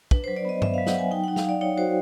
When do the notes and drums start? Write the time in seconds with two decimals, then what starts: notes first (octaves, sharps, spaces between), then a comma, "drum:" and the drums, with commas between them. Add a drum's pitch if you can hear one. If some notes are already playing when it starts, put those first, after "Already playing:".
0.11 D4 B4, drum: kick
0.24 F#3 C5
0.36 D5
0.45 B3 D#5
0.62 B3 E5, drum: tom G2
0.74 F#3 F5
0.87 F#5, drum: snare
0.94 F#3 G#5
1.11 D#4 G5
1.24 D#4 F#5
1.36 F5, drum: snare
1.44 D#4 D5
1.61 D#4 C#5
1.77 F#4 C5